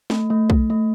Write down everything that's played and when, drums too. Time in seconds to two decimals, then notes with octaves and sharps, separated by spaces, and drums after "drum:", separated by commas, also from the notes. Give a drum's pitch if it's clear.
0.10 A3, drum: snare
0.30 A3
0.50 A3, drum: kick
0.70 A3